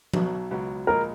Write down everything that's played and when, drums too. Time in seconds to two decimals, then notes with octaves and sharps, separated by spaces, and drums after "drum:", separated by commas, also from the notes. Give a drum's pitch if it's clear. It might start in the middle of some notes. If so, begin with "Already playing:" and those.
0.14 B1 B2 F#3, drum: tom F3
0.51 C#2 B2 F#3
0.87 A#1 A#2 G#3 A#4